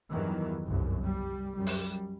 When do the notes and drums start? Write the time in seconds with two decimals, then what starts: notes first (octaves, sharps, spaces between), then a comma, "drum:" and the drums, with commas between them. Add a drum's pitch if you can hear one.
0.11 E2 G2 D#3 E3 F#3
0.66 G1 C2 F#2
1.05 G3
1.57 F#2 G3
1.67 drum: open hi-hat